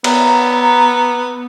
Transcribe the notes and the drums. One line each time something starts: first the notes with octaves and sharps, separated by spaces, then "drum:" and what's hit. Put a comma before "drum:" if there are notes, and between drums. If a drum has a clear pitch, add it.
B3 A#5, drum: cymbal